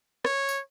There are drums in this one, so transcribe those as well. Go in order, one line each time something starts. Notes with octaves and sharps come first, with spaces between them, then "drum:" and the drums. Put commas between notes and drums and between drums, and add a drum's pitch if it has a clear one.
C#5, drum: rim click
drum: tambourine